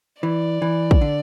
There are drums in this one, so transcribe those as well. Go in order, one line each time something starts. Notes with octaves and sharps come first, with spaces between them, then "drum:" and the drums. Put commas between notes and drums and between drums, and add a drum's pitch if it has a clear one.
E3 D5
E3
drum: kick
D3